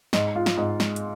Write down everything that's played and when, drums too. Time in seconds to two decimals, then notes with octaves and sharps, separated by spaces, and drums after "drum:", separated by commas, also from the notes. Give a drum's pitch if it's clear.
0.13 G#2, drum: snare
0.35 F4
0.46 drum: snare
0.57 G#2
0.80 G#3, drum: snare
0.96 drum: hi-hat